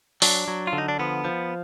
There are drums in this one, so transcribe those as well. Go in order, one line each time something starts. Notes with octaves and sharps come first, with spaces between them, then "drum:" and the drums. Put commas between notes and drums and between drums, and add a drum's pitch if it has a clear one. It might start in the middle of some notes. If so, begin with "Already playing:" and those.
F#3 D4, drum: open hi-hat
F#3
F4
D3
D#4
D4
F3 B3
F3